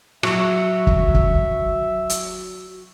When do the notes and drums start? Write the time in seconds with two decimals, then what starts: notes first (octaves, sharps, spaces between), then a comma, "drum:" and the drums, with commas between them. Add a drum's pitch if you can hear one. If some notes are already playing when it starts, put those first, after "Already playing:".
0.23 F#3 E5, drum: rim click
0.87 drum: kick
1.14 drum: kick
2.10 drum: hi-hat